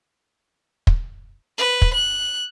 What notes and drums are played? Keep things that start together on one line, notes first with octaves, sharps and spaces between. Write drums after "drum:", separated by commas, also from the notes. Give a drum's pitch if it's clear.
drum: kick
B4
drum: kick
F#6